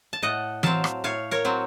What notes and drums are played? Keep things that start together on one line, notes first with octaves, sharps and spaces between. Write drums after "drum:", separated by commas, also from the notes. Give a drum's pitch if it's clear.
A5
A2 D#5 F#5
F#3 C4 F5 A5, drum: tom E3
drum: rim click
A2 C#5 F5
A#4 C#5
F#3 C4